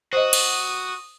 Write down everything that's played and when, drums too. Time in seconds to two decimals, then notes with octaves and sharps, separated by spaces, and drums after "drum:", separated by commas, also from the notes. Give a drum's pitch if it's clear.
0.13 F#4 C5 D#5 D#6
0.33 drum: cymbal